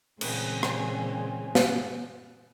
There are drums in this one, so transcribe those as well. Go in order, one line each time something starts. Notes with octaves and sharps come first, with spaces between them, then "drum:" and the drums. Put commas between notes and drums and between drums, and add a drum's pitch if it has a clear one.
A#2 C#3 E3 G#3 C4 C#4, drum: cymbal
drum: rim click
drum: snare